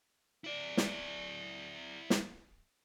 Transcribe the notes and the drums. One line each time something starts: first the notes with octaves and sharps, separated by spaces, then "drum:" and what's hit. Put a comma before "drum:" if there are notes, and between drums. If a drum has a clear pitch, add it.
E4 D5
drum: snare
drum: snare